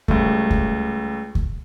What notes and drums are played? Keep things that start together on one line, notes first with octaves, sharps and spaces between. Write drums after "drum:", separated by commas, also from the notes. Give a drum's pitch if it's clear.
C#2 G3 A3, drum: kick C#2
drum: kick C#2
drum: kick C#2